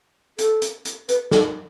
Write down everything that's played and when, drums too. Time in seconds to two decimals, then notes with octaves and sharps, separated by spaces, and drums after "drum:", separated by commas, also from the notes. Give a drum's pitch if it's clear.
0.38 A4, drum: hi-hat
0.62 drum: hi-hat
0.85 drum: hi-hat
1.09 B4, drum: hi-hat
1.31 A4, drum: snare